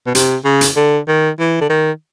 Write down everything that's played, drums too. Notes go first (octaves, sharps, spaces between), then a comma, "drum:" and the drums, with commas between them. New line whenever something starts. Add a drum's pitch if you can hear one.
B2
C3, drum: hi-hat
C#3
drum: hi-hat
D3
D#3
E3
D3
D#3